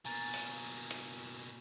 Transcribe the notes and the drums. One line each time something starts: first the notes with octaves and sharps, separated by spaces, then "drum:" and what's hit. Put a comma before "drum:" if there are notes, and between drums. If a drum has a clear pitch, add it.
B2 A#3 G#5 A#5 A6
drum: open hi-hat
drum: hi-hat